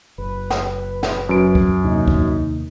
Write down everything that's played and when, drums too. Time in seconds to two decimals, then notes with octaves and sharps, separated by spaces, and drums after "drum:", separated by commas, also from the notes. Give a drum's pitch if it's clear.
0.18 F#1 B4
0.50 drum: snare
1.03 drum: snare
1.29 F#2 D7
1.55 drum: kick
1.84 D#2 C3 A#3 D#4
2.08 drum: kick